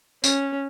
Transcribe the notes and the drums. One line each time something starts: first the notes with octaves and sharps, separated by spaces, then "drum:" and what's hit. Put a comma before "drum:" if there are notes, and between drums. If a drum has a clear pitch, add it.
C#4, drum: tambourine